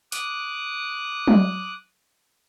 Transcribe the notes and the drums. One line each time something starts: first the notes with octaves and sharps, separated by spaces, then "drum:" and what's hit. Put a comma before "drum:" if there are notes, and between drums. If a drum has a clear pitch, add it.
D6 D#6 F#6, drum: hi-hat
drum: tom F#3